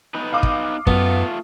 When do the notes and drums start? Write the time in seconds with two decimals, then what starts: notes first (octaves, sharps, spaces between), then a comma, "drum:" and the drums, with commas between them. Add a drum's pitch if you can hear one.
0.14 B3 D#4 B4
0.33 F5 D6 D#6
0.43 drum: kick
0.87 F#2 A3 B3 F4, drum: kick